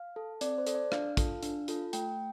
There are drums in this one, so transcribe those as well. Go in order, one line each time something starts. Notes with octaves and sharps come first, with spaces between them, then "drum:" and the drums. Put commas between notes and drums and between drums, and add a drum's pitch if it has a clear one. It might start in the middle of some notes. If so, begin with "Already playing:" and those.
Already playing: F5
A4
C4 D5, drum: hi-hat
C5
A4, drum: hi-hat
D5
D4 F5, drum: rim click
F4 A4, drum: kick, hi-hat
D4, drum: hi-hat
F4 A4, drum: hi-hat
A3 G5, drum: hi-hat